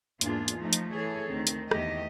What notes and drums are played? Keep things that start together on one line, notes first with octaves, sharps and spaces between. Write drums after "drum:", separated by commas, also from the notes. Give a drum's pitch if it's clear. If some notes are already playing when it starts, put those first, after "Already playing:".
E2 G#2 A#3 D4 F4 G#4, drum: hi-hat
drum: hi-hat
F3 A3 D#4
drum: hi-hat
E3 G#4 A4 C#5
D2 D#3 C4
drum: hi-hat
E2 D#3 A3 G4 D#5, drum: rim click